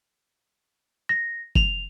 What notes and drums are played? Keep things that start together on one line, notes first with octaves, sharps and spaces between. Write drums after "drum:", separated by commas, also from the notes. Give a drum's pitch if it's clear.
A#6
F7, drum: kick